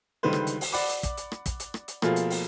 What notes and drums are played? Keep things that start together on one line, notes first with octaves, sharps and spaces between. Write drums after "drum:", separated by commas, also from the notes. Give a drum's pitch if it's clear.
C#2 D3 D#3 G3 B4 C5
drum: rim click
drum: hi-hat
drum: open hi-hat
D5 F#5 B5 D6, drum: open hi-hat
drum: hi-hat
drum: kick, hi-hat
drum: hi-hat
drum: rim click
drum: kick, hi-hat
drum: hi-hat
drum: rim click
drum: hi-hat
B2 F3 A3 A#3 F4 G#4, drum: rim click
drum: hi-hat
drum: open hi-hat